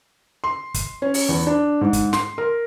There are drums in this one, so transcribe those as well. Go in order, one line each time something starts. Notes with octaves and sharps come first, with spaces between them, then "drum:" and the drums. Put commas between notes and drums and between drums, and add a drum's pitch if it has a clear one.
C6
drum: kick, hi-hat
C#4
drum: open hi-hat
E2
D4
G#2
drum: kick, hi-hat
C6, drum: snare
A#4